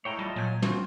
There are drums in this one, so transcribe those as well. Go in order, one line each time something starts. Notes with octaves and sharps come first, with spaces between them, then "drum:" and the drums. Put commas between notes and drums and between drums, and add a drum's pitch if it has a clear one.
G#3 A3 E4 C#5 G5 A#5
G3 F4 D#5 A5
A#2 F#3 G#5 G6
C4 F4 F#4, drum: tom